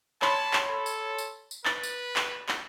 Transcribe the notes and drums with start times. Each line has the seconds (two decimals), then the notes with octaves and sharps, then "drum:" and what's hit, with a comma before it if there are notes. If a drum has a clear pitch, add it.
0.22 C#5 A5 B5 C6, drum: clap
0.53 drum: clap
0.70 A4
0.86 drum: tambourine
1.18 drum: tambourine
1.51 drum: tambourine
1.65 B4 A6, drum: clap
1.83 drum: tambourine
2.16 drum: clap
2.49 drum: clap